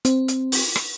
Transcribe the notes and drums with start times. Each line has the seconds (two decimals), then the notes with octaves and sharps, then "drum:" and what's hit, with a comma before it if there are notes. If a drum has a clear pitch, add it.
0.05 C4, drum: hi-hat
0.28 drum: hi-hat
0.52 drum: open hi-hat
0.76 drum: rim click